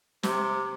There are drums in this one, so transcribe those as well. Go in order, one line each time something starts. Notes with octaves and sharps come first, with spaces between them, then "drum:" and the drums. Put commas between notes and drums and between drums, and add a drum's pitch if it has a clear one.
C3, drum: snare